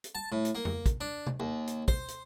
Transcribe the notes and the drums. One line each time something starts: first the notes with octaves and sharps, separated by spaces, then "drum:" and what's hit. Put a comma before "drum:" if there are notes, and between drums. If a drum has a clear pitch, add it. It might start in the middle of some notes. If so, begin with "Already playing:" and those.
drum: hi-hat
A5
A2
drum: hi-hat
A#3
drum: tom F2
drum: kick, hi-hat
D4
drum: tom C3
D#2
drum: hi-hat
C5, drum: kick
drum: hi-hat